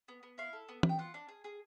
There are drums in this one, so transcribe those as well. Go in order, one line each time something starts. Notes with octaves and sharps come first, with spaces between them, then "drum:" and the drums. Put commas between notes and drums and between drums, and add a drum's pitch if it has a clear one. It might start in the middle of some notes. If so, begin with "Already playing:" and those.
B3
B3
E4 F5
A4
B3
B3, drum: tom
G5
F4 F#5
D4
G#4
G#4